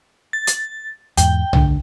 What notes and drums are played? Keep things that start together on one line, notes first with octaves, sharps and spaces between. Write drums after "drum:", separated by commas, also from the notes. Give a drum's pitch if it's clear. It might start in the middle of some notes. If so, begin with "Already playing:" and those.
A6
drum: hi-hat
E2 G#2 G5, drum: hi-hat
D2 D3, drum: tom B1